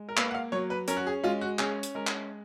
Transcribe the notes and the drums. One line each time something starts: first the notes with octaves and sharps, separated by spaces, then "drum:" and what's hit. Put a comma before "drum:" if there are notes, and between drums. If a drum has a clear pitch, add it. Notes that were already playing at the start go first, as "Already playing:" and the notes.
Already playing: G#3
A#4
A#3 B4, drum: clap
F#5
F5
F#3 C#5
B4
C#4 A#4, drum: hi-hat
F#4
G#4
G#3 F4
F#4
C#4 G#4, drum: clap
drum: hi-hat
G#3 A#4
drum: clap